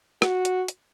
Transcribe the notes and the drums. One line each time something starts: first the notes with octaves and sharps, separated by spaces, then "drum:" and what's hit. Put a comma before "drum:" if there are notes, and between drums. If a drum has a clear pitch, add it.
F#4, drum: rim click
drum: hi-hat
drum: hi-hat